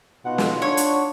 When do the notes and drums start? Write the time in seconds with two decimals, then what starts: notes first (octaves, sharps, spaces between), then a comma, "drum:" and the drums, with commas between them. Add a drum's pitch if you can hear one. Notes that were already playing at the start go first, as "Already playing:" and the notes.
0.25 B2 D#4 F4 F#5
0.38 drum: snare
0.62 D4 C#5
0.77 drum: hi-hat